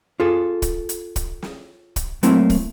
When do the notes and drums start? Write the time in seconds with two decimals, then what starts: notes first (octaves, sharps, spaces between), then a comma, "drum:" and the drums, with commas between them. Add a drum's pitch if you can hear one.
0.20 F4 G#4 A4
0.62 drum: kick, hi-hat
0.89 drum: hi-hat
1.16 drum: kick, hi-hat
1.42 drum: snare
1.96 drum: kick, hi-hat
2.23 F#3 A3 A#3 C4 E4, drum: hi-hat
2.50 drum: kick, open hi-hat